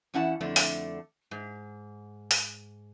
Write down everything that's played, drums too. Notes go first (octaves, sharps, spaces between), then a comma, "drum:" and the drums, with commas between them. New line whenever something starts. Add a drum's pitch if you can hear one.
E2 C#4 E4 F#5 A5
F2 D3 A3 D4
drum: open hi-hat
G#2
drum: open hi-hat